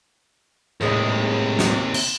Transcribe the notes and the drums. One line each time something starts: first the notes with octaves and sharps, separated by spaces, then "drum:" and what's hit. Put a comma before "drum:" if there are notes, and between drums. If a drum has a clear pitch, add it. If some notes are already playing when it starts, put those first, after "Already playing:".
D#2 A2 C3 G#3 D4
drum: snare
drum: cymbal